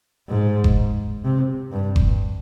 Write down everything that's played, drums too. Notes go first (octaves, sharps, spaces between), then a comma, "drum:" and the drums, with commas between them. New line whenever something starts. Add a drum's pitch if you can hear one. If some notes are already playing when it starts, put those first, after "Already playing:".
G#2
drum: kick F#1
C3
G2
drum: kick F#1